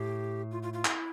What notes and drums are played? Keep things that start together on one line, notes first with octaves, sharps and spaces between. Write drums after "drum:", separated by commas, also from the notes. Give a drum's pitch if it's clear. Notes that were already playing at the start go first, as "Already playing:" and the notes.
Already playing: A2 G4
F4
F4
F4
E4, drum: clap